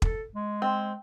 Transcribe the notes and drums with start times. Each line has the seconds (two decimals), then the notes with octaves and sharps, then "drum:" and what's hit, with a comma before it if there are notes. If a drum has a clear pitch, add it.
0.02 A4, drum: kick
0.35 G#3
0.62 C4